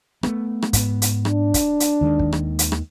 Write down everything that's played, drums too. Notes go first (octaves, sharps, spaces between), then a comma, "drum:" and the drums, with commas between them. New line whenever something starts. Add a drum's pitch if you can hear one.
A3 B3, drum: rim click
drum: rim click
G#2 B3, drum: kick, hi-hat
drum: hi-hat
D4, drum: rim click
drum: kick, hi-hat
drum: hi-hat
D#2 D#3 G#3
drum: kick
drum: rim click
drum: hi-hat
drum: rim click